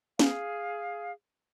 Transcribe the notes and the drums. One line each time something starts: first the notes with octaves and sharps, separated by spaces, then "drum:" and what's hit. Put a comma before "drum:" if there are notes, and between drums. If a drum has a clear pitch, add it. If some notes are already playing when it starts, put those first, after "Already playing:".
G#4 F5, drum: snare C#4